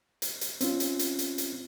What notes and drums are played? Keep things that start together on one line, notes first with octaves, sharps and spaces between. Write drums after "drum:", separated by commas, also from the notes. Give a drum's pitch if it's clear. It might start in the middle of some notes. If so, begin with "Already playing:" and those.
drum: hi-hat
drum: hi-hat
C4 C#4 F4, drum: hi-hat
drum: hi-hat
drum: hi-hat
drum: hi-hat
drum: hi-hat